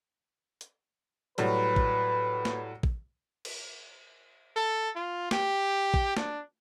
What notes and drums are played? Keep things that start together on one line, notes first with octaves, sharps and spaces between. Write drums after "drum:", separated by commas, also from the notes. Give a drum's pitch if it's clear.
drum: hi-hat
A2 F#3 G3 B4, drum: hi-hat
drum: kick
drum: snare
drum: kick
drum: cymbal
A4
F4
G4, drum: snare
drum: kick
D4, drum: snare